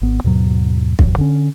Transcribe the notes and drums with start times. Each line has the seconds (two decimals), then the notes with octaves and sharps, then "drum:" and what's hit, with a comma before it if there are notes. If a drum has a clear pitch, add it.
0.02 G#1 B3
0.24 D#2 G#2 B2 F#3
0.99 D1 A1 F#2, drum: kick
1.18 D3 C#4